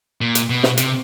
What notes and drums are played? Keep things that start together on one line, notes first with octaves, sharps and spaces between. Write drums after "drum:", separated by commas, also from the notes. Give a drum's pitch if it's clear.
A#2
drum: hi-hat
B2
drum: snare
C3, drum: hi-hat